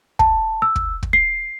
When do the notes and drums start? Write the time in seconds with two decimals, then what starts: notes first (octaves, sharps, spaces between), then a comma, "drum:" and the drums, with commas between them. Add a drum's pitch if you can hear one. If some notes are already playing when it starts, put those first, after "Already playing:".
0.19 A5, drum: kick
0.62 E6
0.76 drum: kick
1.03 drum: kick
1.13 C7